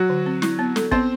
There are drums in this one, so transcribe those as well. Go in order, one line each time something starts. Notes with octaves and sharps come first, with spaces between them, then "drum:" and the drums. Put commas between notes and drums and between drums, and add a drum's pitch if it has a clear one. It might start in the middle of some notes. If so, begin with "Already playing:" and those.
Already playing: F#3 F#4
D3
C4
E4, drum: snare
B3
A4, drum: snare
B3 C4 C5, drum: kick